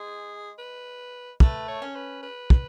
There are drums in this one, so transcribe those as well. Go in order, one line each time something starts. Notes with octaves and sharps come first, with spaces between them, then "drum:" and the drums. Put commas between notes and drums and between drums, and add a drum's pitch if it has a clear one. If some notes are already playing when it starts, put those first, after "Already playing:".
Already playing: G#3 G#4
B4
A3 B4, drum: kick
C#5
C#4
B4
B4
drum: kick